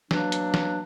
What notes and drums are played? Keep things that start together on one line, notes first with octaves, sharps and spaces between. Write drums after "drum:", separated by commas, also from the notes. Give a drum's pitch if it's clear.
B2 F#3 A#3 D4, drum: snare
drum: hi-hat
drum: snare